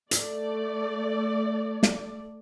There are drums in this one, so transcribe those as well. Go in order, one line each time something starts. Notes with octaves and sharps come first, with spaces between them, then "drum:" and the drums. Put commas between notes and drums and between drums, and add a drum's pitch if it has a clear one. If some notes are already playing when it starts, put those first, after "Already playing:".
A3 D5, drum: hi-hat
drum: snare